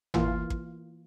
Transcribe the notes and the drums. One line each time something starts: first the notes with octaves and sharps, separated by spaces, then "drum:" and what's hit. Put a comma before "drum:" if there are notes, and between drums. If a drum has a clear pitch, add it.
E3 A#3 F4, drum: tom G#1
drum: kick